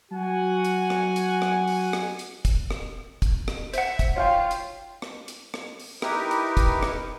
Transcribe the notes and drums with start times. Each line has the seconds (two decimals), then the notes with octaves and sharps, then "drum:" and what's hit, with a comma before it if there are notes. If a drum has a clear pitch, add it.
0.12 F#3 F#4 F#5 G#5
0.65 drum: hi-hat
0.90 drum: rim click
1.16 drum: hi-hat
1.42 drum: rim click
1.68 drum: open hi-hat
1.93 drum: rim click
2.19 drum: hi-hat
2.45 drum: kick, hi-hat
2.71 drum: rim click
3.22 drum: kick, hi-hat
3.48 drum: rim click
3.74 C5 E5 F#5, drum: hi-hat
3.99 drum: kick, hi-hat
4.16 F4 C#5 F5 G5
4.51 drum: hi-hat
5.02 drum: rim click
5.28 drum: hi-hat
5.54 drum: rim click
5.80 drum: open hi-hat
6.02 D#4 E4 G4 A#4 B4, drum: rim click
6.31 drum: hi-hat
6.57 drum: kick, hi-hat
6.83 drum: rim click